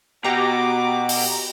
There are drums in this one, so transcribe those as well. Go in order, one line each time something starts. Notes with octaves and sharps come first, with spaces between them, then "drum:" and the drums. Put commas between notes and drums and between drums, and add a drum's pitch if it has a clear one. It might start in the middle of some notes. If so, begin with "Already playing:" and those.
B2 F#4 G4 A#5 D6
drum: open hi-hat